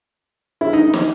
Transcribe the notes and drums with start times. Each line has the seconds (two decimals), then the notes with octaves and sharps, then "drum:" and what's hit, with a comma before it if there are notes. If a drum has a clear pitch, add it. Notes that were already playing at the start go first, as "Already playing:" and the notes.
0.61 E4
0.73 D#4
0.94 drum: snare